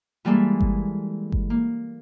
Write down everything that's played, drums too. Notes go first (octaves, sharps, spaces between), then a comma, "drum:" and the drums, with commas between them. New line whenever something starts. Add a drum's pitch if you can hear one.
E3 G3 G#3 A#3 A4
drum: kick G1
drum: kick G1
A#3